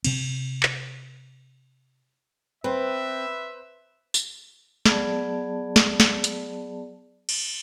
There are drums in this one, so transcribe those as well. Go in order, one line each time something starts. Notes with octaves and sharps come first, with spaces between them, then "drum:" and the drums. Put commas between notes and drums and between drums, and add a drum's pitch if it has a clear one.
C3 C4, drum: cymbal
drum: clap
C4 B4 C5 E5
drum: tambourine
F#3 B3 G#4 D5 A5, drum: snare
drum: snare
drum: snare
drum: hi-hat
drum: cymbal